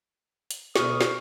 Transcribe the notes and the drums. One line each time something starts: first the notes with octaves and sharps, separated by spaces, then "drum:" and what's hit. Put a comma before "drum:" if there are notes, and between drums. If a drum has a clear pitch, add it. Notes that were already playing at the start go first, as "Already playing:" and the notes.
drum: hi-hat
D2 B2 C#6 D#6 F6, drum: snare
drum: snare